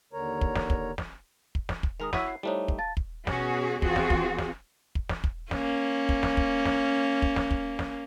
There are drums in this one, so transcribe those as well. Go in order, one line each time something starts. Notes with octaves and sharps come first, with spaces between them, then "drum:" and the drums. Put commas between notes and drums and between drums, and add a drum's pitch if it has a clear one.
D#2 D3 A#4 C#5 A#5
drum: kick
drum: snare
drum: kick
drum: snare
drum: kick
drum: snare
drum: kick
D#3 G#3 A#4 D#6 F7
E4 F#4 C#5 E6 B6 D#7, drum: snare
C7
G3 A3 D#4 E4 C5 C#5
drum: kick
F5 A5 A6
drum: kick
B2 C#4 F#4 G#4, drum: snare
E2 C4 F4 F#4 G#4, drum: kick
drum: snare
drum: kick
drum: snare
drum: kick
drum: snare
drum: kick
A#3 C#4, drum: snare
drum: kick
drum: snare
drum: kick
drum: snare
drum: kick
drum: snare
drum: kick
drum: snare